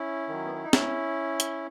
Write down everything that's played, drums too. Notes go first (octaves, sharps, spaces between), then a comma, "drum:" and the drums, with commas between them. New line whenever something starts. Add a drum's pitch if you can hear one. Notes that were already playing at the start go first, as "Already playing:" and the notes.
Already playing: C#4 E4
D#3 F#3
B3
C#4
D#4
C#4 E4, drum: snare
drum: hi-hat